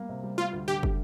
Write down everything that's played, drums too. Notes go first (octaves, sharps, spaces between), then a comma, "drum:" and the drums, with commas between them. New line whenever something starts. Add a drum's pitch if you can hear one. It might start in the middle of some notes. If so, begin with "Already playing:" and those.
Already playing: G3 A#3
C3
G3
G3 F4
D2
D3 G4
D3, drum: kick